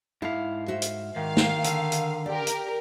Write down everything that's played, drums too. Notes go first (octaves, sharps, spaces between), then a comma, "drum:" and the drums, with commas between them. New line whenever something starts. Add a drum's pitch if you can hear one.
G#2 E4 A4 F5
F#4 C5 E5
drum: hi-hat
G#2 D#3 F5
drum: snare
D3, drum: hi-hat
drum: hi-hat
G4 A#4 D5
drum: hi-hat